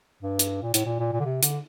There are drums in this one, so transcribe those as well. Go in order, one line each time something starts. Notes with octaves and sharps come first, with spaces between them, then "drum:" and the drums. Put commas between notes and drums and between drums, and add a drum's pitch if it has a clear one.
G2
drum: hi-hat
A#2
A2, drum: hi-hat
A#2
A#2
A#2
D3
C3
D3, drum: hi-hat